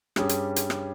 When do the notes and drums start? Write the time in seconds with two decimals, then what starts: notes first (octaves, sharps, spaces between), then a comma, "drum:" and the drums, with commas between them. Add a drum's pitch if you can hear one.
0.16 G2 G3 C#4 G#4, drum: rim click
0.29 drum: hi-hat
0.56 drum: hi-hat
0.70 drum: rim click